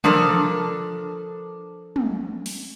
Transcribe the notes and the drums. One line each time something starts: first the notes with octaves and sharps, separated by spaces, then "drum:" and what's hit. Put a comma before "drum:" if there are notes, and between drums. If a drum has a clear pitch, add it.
F3 D4 A4 A#4, drum: tom
drum: tom
drum: open hi-hat